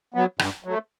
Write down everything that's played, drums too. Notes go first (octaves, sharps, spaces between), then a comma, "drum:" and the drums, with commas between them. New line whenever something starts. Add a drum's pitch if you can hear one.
F#3 B3
G2, drum: rim click
F#3 A3